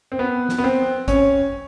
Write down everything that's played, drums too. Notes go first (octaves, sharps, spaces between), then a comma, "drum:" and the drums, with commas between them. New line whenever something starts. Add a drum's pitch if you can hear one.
C4
B3
drum: snare
B3
C4
C#4, drum: kick, hi-hat